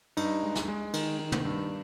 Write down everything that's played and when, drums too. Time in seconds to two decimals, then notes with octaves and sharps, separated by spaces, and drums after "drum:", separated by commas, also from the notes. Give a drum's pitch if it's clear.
0.17 G2 D#4, drum: cymbal
0.43 G#3
0.55 drum: snare
0.68 G#3
0.94 D#3, drum: cymbal
1.19 D#3
1.32 drum: tom
1.45 G2